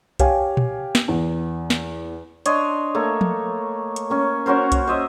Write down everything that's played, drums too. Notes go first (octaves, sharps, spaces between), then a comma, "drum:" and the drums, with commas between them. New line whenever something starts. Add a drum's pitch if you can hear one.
G4 C#5 F5 G5 G#5, drum: kick B1, hi-hat
drum: tom A#2
drum: snare
E2
drum: snare
D4 C#5 D#5 C6, drum: hi-hat
A3 A#3 C#5
drum: tom
drum: hi-hat
A#3 C#4
C#4 F#4 A#4 C5
drum: kick B1, hi-hat
C5 D#5 E5